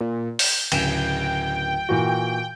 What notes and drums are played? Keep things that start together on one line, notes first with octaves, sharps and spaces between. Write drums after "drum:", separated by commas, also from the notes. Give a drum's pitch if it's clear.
A#2
G6, drum: open hi-hat
D1 C#3 G5 E7, drum: cymbal
A#2 E3 F#4